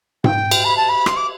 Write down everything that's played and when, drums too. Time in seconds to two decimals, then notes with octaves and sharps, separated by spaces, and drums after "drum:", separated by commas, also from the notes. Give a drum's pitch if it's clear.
0.24 G5, drum: tom G#2
0.51 drum: cymbal
0.65 B5
0.77 A5
0.89 B5
1.06 C6, drum: rim click
1.16 D6